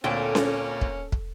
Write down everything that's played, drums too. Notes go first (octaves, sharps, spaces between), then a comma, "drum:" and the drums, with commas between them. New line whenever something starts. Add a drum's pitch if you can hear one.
D2 A#2 A#3 C4 C#4 A4 G5
drum: snare C#4
drum: kick
drum: kick